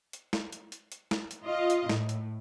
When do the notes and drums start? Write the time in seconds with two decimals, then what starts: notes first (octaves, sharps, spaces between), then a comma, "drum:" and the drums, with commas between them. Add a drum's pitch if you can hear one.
0.13 drum: hi-hat
0.33 drum: snare
0.52 drum: hi-hat
0.72 drum: hi-hat
0.92 drum: hi-hat
1.11 drum: snare
1.31 drum: hi-hat
1.44 F4 D#5
1.70 drum: hi-hat
1.89 A2, drum: snare
2.09 drum: hi-hat